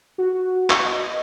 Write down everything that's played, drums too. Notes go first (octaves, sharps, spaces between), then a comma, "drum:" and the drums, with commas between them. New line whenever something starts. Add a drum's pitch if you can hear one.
F#4
C#6, drum: clap
D#5